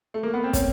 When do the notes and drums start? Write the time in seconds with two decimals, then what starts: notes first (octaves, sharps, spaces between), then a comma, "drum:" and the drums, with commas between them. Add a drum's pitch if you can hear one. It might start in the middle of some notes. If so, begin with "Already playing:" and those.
0.14 A3
0.23 A#3
0.34 B3
0.44 C4
0.53 C#4, drum: kick, hi-hat